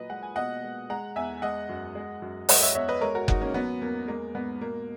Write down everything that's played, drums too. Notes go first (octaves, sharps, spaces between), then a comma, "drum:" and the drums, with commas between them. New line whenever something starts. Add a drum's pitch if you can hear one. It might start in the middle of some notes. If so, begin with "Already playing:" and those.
Already playing: A#2 F#3 B4 D#5
G#3 F#5
G#5
B2 D#5 F#5
G#3
G#3 F#5 A#5
E2 E5 G#5
G#3 D#5 F#5
F#2
G#3
F#2
G#3 D#5 F#5, drum: open hi-hat
C#5 E5
E2 C#5 E5
B4 D#5
G#3 A#4 C#5
F#4 A#4
G#2 D#4 F#4, drum: kick F#1
A#3 C#4
F#3 B3
E2 A#3
G#3 A#3
G#2 B3
B2 A#3